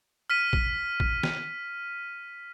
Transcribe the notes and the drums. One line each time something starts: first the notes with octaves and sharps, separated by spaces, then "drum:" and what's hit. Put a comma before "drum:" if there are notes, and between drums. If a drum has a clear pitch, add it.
F6 B6 D#7
drum: kick A1
drum: kick A1
drum: snare